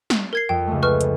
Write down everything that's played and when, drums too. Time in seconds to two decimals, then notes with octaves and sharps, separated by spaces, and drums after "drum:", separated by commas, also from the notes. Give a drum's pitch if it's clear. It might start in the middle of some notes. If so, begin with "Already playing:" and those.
0.10 drum: snare
0.33 A#4 G#6 C7
0.49 F2 G5
0.68 C#2 A3
0.83 B4 C#6 F6
1.01 drum: hi-hat